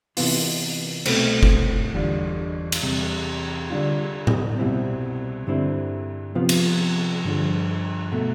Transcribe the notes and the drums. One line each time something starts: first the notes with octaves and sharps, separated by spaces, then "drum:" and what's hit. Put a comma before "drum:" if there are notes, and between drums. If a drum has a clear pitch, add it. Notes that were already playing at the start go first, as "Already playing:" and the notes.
C3 E3 B3 F4, drum: open hi-hat
C2 B2 A3 C4, drum: cymbal
drum: kick F#1
E2 D3 G3 D4 F4
drum: cymbal
E2 C3 G3
D3 G3 D4 F4
drum: tom A2
C2 B2 G3 C4 E4
G2 D3 G3 C4 E4
C3 F3 B3 F4
drum: cymbal
G2 D3 F3
B2 A3